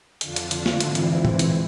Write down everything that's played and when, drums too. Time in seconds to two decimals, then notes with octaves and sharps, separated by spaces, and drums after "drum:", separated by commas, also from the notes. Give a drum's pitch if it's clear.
0.21 F2 D3 D4 F4, drum: hi-hat
0.36 drum: hi-hat
0.51 drum: hi-hat
0.66 drum: snare
0.80 G#2 E3 C4 E4, drum: hi-hat
0.95 drum: hi-hat
1.10 C4 E4
1.25 drum: tom A2
1.39 drum: hi-hat